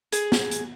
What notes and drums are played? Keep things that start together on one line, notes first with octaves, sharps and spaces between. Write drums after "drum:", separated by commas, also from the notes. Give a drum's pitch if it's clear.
G#4, drum: hi-hat
drum: snare
drum: hi-hat